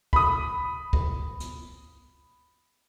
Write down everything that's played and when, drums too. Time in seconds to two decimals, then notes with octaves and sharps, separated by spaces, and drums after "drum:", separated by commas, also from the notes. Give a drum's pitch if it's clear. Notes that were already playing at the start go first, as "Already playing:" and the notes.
0.13 B5 D#6, drum: kick
0.93 drum: kick
1.40 drum: hi-hat